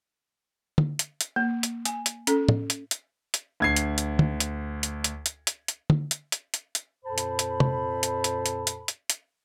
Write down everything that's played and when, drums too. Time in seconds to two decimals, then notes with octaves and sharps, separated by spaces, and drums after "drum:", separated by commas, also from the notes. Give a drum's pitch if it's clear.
0.78 drum: tom
0.99 drum: hi-hat
1.21 drum: hi-hat
1.36 A#3
1.63 drum: hi-hat
1.85 G#5, drum: hi-hat
2.06 drum: hi-hat
2.27 C#4 A4, drum: hi-hat
2.49 drum: tom
2.70 drum: hi-hat
2.91 drum: hi-hat
3.34 drum: hi-hat
3.60 D2 G#6 C7
3.76 drum: hi-hat
3.98 drum: hi-hat
4.19 drum: tom
4.40 drum: hi-hat
4.83 drum: hi-hat
5.04 drum: hi-hat
5.26 drum: hi-hat
5.47 drum: hi-hat
5.68 drum: hi-hat
5.90 drum: tom
6.11 drum: hi-hat
6.32 drum: hi-hat
6.54 drum: hi-hat
6.75 drum: hi-hat
7.05 F2 A#2 A4 C5 A5 B5
7.18 drum: hi-hat
7.39 drum: hi-hat
7.60 drum: tom C3
8.03 drum: hi-hat
8.24 drum: hi-hat
8.46 drum: hi-hat
8.67 drum: hi-hat
8.88 drum: hi-hat
9.10 drum: hi-hat